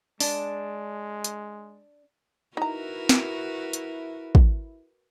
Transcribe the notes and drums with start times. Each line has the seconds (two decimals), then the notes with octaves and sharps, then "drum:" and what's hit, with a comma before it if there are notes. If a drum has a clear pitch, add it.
0.20 G#3 D4, drum: open hi-hat
1.24 drum: hi-hat
2.57 D#4 E4 F#4 A#4 B4 A#5
3.09 drum: snare
3.73 drum: hi-hat
4.35 drum: kick